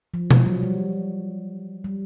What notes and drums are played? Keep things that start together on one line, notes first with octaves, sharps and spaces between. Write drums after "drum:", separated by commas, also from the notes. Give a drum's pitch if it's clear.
F3
F3, drum: tom B2
F#3
G3
G3